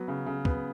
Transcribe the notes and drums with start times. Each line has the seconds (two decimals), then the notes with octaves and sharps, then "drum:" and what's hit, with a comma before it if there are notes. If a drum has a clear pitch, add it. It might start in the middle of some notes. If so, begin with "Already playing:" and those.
Already playing: F#3 B3
0.08 C#3
0.26 C#3
0.45 B3, drum: kick